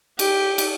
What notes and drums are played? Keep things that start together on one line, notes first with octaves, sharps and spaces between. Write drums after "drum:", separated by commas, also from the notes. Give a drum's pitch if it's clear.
G4, drum: cymbal
drum: cymbal